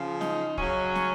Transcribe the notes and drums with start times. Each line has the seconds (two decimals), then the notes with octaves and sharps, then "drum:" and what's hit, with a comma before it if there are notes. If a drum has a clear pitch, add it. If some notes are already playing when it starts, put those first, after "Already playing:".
Already playing: C#3 F3
0.21 D#4, drum: snare
0.57 C#3 F#3 C#4, drum: kick
0.95 drum: snare